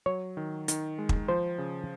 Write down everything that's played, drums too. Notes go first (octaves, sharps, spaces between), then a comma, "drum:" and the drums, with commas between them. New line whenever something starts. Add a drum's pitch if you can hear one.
F#3 C#5
D#3
D#3, drum: hi-hat
G#3
drum: kick
F3 C5
C#3